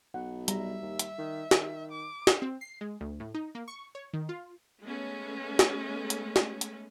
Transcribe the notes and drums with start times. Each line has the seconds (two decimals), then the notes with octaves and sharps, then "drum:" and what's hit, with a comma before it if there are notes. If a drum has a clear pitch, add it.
0.14 B1 F#5
0.48 G3 E5 A#5, drum: hi-hat
0.82 D#2
0.99 drum: hi-hat
1.19 D#3
1.51 D#3, drum: snare
1.91 D6
2.27 drum: snare
2.42 C4
2.61 C7
2.81 G#3
3.01 D2
3.20 A2
3.34 D#4
3.55 A#3
3.68 C#6
3.95 C#5
4.13 D#3
4.29 F4
4.83 G#3 A3 B3 C#4
5.59 drum: snare
6.10 drum: hi-hat
6.36 drum: snare
6.61 drum: hi-hat